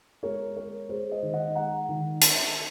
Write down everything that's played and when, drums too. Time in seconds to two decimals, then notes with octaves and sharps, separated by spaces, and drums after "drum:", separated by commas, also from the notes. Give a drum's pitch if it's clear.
0.23 G#3 A#4 C#5
0.56 G#3 A#4 C#5
0.89 G#3 G#4 C5
1.11 C5 D#5
1.22 D#3
1.33 D#5 F#5
1.55 G#3 F#5 A#5
1.89 D#3
2.22 drum: hi-hat